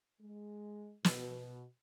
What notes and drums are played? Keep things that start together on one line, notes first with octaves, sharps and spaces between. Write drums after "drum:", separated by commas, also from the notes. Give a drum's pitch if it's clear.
G#3
B2, drum: snare